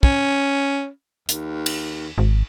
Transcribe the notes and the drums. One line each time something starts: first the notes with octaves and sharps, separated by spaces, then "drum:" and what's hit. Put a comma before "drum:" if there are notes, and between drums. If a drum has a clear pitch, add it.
C#4, drum: kick
D#2, drum: hi-hat
drum: cymbal
G#1